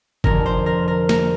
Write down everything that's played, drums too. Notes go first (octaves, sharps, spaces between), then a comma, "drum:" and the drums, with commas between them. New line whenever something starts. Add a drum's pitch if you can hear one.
F1 F2 D3 A#4, drum: kick F#1
C5
A#4
A#4
A#4, drum: snare